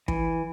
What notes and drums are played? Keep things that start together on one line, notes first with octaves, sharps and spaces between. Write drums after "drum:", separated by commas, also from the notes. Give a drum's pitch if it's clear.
E3, drum: kick